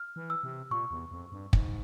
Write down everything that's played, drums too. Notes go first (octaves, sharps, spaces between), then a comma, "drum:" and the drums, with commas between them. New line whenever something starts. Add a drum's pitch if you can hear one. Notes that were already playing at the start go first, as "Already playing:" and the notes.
Already playing: F6
E3
E6
C3
A#2 C#6
E2
F2
G2
G#2, drum: kick